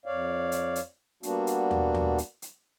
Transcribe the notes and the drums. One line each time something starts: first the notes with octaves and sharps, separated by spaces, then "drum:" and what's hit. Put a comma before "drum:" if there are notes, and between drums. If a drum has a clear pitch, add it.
F2 C#5 D5 F5
drum: hi-hat
drum: hi-hat
G3 A#3 B3 D4 F#4, drum: hi-hat
drum: hi-hat
drum: tom D#2
drum: tom D#2
drum: hi-hat
drum: hi-hat